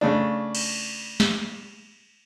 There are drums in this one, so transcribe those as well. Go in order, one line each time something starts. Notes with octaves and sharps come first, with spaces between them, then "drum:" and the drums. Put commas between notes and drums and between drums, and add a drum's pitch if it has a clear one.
C#3 A3 D4
drum: cymbal
drum: snare